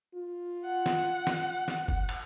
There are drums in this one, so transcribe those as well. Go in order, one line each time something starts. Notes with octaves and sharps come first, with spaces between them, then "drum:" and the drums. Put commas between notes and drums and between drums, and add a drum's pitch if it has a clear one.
F4
F#5
drum: snare
drum: snare
drum: snare
drum: kick F#1
drum: cymbal